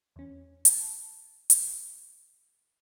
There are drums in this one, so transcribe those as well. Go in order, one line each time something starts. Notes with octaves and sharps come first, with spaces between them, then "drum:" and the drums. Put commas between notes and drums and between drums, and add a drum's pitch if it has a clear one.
E2 C#4
A5, drum: hi-hat
drum: hi-hat